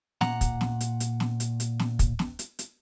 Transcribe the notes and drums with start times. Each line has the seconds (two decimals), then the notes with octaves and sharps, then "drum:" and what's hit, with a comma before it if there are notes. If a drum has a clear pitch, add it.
0.21 A#2 F#5 A#5, drum: snare
0.41 drum: kick, hi-hat
0.61 drum: snare
0.81 drum: hi-hat
1.00 drum: hi-hat
1.20 drum: snare
1.40 drum: hi-hat
1.60 drum: hi-hat
1.79 drum: snare
1.99 drum: kick, hi-hat
2.19 drum: snare
2.39 drum: hi-hat
2.59 drum: hi-hat